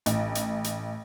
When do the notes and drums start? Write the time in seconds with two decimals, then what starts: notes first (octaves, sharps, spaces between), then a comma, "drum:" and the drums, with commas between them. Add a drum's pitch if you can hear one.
0.06 A1, drum: hi-hat
0.35 drum: hi-hat
0.64 drum: hi-hat